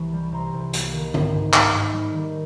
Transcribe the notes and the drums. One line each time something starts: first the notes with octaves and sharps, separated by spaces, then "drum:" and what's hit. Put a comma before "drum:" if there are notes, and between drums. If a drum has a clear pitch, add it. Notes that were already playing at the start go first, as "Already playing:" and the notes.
Already playing: C2 E3 C#6
G3
C3 A#5 C6
C2
A#3, drum: hi-hat
D#3
G#2, drum: tom D3
G#2
G#2 A5 B5, drum: clap
G#2
G3
D#3